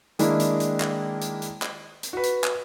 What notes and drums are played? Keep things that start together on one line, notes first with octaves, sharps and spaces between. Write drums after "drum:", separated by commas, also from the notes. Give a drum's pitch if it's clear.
D#3 G#3 A#3 D4 E4, drum: hi-hat
drum: hi-hat
drum: hi-hat
drum: clap
drum: hi-hat
drum: hi-hat
drum: clap
drum: hi-hat
F#4 B4
drum: hi-hat
drum: clap